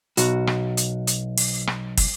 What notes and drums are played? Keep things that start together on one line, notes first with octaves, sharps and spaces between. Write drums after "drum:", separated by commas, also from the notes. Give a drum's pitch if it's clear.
B1 F#4, drum: hi-hat
drum: rim click
drum: hi-hat
drum: hi-hat
drum: open hi-hat
drum: rim click
drum: kick, open hi-hat